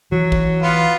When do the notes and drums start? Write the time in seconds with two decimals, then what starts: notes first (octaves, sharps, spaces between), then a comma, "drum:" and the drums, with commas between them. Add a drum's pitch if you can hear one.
0.12 E3 F#3
0.32 drum: kick A1
0.62 B3 F4